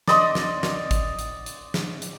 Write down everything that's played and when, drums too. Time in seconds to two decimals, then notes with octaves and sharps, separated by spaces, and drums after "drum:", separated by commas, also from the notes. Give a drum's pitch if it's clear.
0.08 D5 D#5 C6, drum: snare
0.35 drum: snare
0.63 drum: snare
0.91 drum: kick G#1, hi-hat
1.19 drum: hi-hat
1.46 drum: hi-hat
1.74 drum: snare
2.02 drum: hi-hat